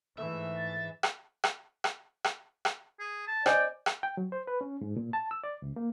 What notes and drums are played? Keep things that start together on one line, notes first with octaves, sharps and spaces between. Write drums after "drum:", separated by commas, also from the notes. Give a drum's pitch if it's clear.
G#2 E3 A3 E5
A6
drum: rim click
drum: rim click
drum: rim click
drum: rim click
drum: rim click
G#4
A5
C5 D5 D#5 G5 G#5, drum: rim click
drum: rim click
G5
F#3
C5
B4
C#4
G#2
A#2
A5
E6
D5
C#2
A#3